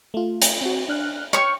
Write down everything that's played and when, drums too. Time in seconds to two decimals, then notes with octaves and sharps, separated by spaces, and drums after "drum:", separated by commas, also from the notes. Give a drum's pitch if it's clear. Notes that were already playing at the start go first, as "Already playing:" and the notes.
0.14 A3 F4
0.42 drum: hi-hat
0.61 C4 F#4
0.89 D4 F6 F#6
1.33 C#5 G5 C#6 F6